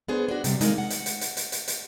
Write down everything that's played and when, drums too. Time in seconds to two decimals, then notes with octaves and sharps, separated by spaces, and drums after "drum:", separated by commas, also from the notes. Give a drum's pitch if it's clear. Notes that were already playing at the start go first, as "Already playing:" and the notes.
0.08 B3 D4 G#4 C5
0.28 D4 F#4
0.44 C3 G3, drum: hi-hat
0.61 D#3 G#3 A#3 C4 D#4, drum: hi-hat
0.78 F#5
0.90 drum: hi-hat
1.06 drum: hi-hat
1.21 drum: hi-hat
1.37 drum: hi-hat
1.52 drum: hi-hat
1.68 drum: hi-hat